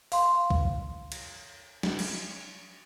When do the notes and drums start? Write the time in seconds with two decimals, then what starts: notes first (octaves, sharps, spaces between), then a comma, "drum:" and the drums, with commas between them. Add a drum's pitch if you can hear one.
0.12 F5 C6, drum: open hi-hat
0.50 drum: kick
1.12 drum: cymbal
1.83 drum: snare
1.99 drum: cymbal